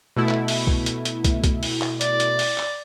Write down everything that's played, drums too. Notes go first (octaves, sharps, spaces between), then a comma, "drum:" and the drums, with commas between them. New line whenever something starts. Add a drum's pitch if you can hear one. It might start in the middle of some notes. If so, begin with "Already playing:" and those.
B2 A3 E4
drum: clap
drum: open hi-hat
drum: kick
drum: hi-hat
drum: hi-hat
drum: kick, hi-hat
drum: kick, hi-hat
drum: open hi-hat
drum: clap
D5, drum: hi-hat
drum: hi-hat
drum: open hi-hat
drum: clap